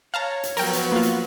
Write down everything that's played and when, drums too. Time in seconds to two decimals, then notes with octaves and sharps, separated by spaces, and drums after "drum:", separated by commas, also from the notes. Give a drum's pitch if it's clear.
0.14 C#5 F5 A5 A#5
0.43 drum: hi-hat
0.57 F3 F#3 B3 A#4 G5, drum: open hi-hat
0.73 drum: hi-hat
0.92 A#3 F4
1.03 drum: hi-hat